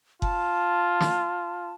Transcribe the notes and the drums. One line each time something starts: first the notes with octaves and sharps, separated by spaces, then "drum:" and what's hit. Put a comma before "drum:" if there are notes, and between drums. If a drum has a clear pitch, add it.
F4 A5, drum: kick F#1
drum: snare